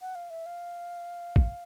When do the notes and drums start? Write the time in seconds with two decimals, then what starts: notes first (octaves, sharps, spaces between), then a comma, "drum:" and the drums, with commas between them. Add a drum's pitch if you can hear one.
0.01 F#5
0.15 F5
0.30 E5
0.46 F5
1.36 drum: kick